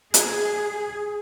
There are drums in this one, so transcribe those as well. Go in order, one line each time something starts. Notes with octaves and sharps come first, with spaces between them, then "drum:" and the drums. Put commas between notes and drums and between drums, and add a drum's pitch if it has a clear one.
G#4, drum: hi-hat